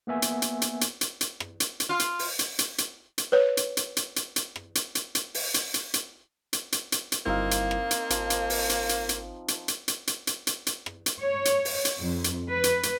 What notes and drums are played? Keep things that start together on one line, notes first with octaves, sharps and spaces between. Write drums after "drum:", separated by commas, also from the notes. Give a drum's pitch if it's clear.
A#3 B3 E5 G#5
drum: hi-hat
drum: hi-hat
drum: hi-hat
drum: hi-hat
drum: hi-hat
drum: hi-hat
drum: rim click
drum: hi-hat
drum: hi-hat
F4
drum: hi-hat
drum: open hi-hat
drum: hi-hat
drum: hi-hat
drum: hi-hat
drum: hi-hat
B4 C#5
drum: hi-hat
drum: hi-hat
drum: hi-hat
drum: hi-hat
drum: hi-hat
drum: rim click
drum: hi-hat
drum: hi-hat
drum: hi-hat
drum: open hi-hat
drum: hi-hat
drum: hi-hat
drum: hi-hat
drum: hi-hat
drum: hi-hat
drum: hi-hat
drum: hi-hat
G1 G3 A#3 C4 D#4 E4 F5
drum: hi-hat
drum: rim click
drum: hi-hat
G#1 F3, drum: hi-hat
drum: hi-hat
drum: open hi-hat
drum: hi-hat
drum: hi-hat
drum: hi-hat
drum: hi-hat
drum: hi-hat
drum: hi-hat
drum: hi-hat
drum: hi-hat
drum: hi-hat
drum: hi-hat
drum: rim click
drum: hi-hat
C#5
drum: hi-hat
drum: open hi-hat
drum: hi-hat
F2
drum: hi-hat
B4
drum: hi-hat
drum: hi-hat